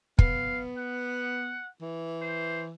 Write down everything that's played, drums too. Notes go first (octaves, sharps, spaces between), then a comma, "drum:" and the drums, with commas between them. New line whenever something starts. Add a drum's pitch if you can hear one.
B3 F5, drum: kick
F#5
E3
C5